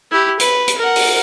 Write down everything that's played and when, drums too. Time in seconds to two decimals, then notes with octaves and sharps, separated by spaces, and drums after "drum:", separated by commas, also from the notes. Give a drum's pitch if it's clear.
0.11 E4 G4
0.40 B4, drum: hi-hat
0.68 drum: hi-hat
0.78 A#4 F#5
0.96 drum: open hi-hat